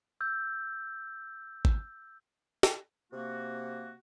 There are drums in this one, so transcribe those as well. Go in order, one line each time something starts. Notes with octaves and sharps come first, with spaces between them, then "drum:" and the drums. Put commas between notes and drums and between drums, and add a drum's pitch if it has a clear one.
E6 G6
drum: kick
drum: snare
C3 A#3 F#4